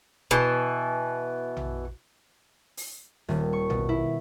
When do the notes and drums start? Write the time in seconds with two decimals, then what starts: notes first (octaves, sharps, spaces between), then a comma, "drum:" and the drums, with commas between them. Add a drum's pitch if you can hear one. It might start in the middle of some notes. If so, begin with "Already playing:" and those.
0.31 B2 E3, drum: kick
1.57 drum: tom A#1
2.77 drum: open hi-hat
3.29 D#1, drum: snare
3.53 C#6
3.70 B2, drum: tom A#1
3.89 E4